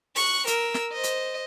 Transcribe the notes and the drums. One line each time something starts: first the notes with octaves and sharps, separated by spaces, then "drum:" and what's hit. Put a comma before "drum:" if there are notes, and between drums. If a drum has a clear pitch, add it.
C#6 F#6, drum: open hi-hat
A#4 E6, drum: hi-hat
drum: snare
C5 D#5
drum: hi-hat